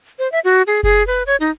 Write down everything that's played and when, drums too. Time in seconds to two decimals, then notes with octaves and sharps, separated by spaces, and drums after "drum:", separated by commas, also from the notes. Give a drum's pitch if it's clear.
0.19 C5
0.32 E5
0.44 F#4
0.67 G#4
0.83 G#4, drum: kick F#1
1.07 B4
1.27 C#5
1.40 D#4